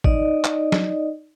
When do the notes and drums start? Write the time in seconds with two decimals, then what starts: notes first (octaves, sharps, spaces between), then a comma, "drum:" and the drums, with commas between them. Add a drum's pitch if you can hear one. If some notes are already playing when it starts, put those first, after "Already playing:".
0.04 D#4 D5 D#5, drum: kick
0.44 drum: clap
0.72 drum: snare F#3